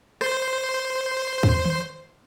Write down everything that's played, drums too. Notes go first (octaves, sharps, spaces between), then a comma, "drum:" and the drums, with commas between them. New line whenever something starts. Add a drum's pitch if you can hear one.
C5 C6, drum: rim click
drum: kick
drum: tom D#3